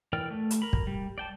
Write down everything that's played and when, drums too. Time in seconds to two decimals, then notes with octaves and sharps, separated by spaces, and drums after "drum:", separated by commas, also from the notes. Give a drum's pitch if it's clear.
0.13 E3 A#4 D5 G5 F6
0.31 A3
0.51 drum: hi-hat
0.62 A#4 B5
0.73 drum: kick
0.87 G3
1.18 D5 G5 A5